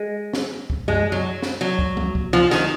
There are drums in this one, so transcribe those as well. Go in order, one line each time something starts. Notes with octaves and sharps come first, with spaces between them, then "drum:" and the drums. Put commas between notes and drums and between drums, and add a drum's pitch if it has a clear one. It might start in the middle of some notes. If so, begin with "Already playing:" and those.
Already playing: G#3
drum: snare
drum: kick C#2
G#3, drum: tom F#2
F#3
drum: snare
F#3
drum: kick C#2
drum: tom F3
drum: kick C#2
F3
D#3, drum: snare